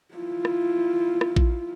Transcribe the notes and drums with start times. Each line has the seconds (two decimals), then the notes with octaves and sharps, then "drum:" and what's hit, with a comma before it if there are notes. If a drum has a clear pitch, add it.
0.14 E4 F4
0.45 drum: rim click
1.21 drum: rim click
1.36 drum: kick A#1